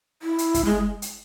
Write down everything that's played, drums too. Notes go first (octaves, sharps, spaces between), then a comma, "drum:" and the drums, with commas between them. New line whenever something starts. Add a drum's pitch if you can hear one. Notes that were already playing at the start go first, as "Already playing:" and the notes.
E4
drum: hi-hat
drum: kick, hi-hat
G#3
drum: hi-hat